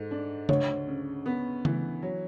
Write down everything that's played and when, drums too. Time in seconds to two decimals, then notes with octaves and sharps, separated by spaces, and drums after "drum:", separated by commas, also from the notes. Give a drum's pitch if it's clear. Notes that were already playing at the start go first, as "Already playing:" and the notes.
Already playing: G#2 G#3 A4
0.11 D4
0.49 D2 C#5, drum: tom C#3
0.88 C#3
1.26 B3
1.65 E3, drum: tom C#3
2.02 F#3